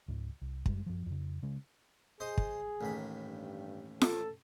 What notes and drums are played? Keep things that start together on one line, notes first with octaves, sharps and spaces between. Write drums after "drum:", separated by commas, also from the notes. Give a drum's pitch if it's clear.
C#2 G#2
C2
F#2 G3 G#3, drum: kick
F#2 F3
F2 C#3
C#3 G#3
G#4 C5 D#5
drum: kick
A1 D#2 B5
G2
A4, drum: snare F4